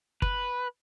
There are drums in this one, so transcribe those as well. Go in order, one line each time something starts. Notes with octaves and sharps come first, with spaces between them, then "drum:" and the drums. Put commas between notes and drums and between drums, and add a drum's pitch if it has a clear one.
B4, drum: kick G1